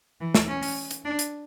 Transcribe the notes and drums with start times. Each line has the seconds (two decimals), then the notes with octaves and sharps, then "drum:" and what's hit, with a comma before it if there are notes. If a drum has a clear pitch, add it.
0.21 E3
0.35 drum: snare
0.48 C#4
0.63 drum: open hi-hat
0.91 drum: hi-hat
1.05 D4
1.19 drum: hi-hat